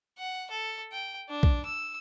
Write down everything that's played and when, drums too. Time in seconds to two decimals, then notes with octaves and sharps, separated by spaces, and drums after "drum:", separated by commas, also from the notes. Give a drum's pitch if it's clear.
0.18 F#5
0.51 A4
0.92 G5
1.29 D4
1.43 drum: kick B1
1.65 E6